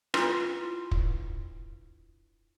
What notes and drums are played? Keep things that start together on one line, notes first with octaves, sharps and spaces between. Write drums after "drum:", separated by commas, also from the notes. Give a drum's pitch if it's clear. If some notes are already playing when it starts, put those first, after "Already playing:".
D4 E4 F4 B4 C6, drum: rim click
drum: kick